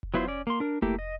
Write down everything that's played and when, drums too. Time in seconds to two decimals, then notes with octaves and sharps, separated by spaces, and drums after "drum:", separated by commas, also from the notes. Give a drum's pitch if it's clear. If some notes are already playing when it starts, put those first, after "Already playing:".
0.03 drum: kick F1
0.14 F#3 B3 E4 F4 C5
0.27 C#4 D5
0.47 A#3 C6
0.60 D4 A#4
0.82 A3 A#3 E4 G4, drum: kick F1
0.99 D#5